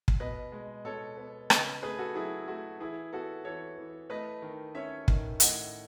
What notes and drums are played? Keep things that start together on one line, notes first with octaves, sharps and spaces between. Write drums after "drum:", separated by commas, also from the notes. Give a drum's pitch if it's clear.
drum: kick
B2 B4 D#5
G#3
B2 A4 C#5
B3
C#3 B4 D#5, drum: rim click
A3 G#4 B4
F#4 A4
F#3 E4 G#4
A3 F#4
E3 E4 G#4
B3 F#4 A4
E3 A4 C#5
E3
A3 B4 D#5
D#3
C#4 C#5 E5
D#3, drum: kick
A2 D#5 F#5, drum: hi-hat